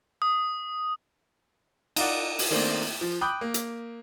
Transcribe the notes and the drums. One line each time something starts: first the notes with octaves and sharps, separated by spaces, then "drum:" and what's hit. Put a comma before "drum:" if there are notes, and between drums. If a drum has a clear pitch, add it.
D#6
D#4 F4 D5 F#5, drum: cymbal
drum: open hi-hat
D#3 A3 A#3 C4 D4
F3
G5 B5 D6 D#6 F#6 G6
A#3
drum: hi-hat